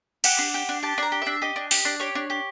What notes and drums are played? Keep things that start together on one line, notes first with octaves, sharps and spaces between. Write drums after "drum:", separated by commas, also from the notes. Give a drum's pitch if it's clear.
G4 F#5, drum: cymbal
D4
G4
D4
G4 A5
D4 A#5
G4
D4 E5
G4 D#5
D4
G4, drum: open hi-hat
D4
G4 C#5
D4
G4